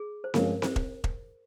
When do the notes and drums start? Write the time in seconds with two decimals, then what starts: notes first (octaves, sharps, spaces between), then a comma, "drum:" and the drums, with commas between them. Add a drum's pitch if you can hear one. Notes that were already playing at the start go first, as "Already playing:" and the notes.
Already playing: G#4
0.24 C5
0.34 G2 F3 G#3 C#4 F4 A#4, drum: snare C4
0.62 C5, drum: snare C4
0.76 drum: kick E1
1.04 drum: kick E1